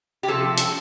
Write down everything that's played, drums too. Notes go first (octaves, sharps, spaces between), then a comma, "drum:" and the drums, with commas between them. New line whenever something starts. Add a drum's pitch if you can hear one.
G4
C3 F3 A3 A4
drum: hi-hat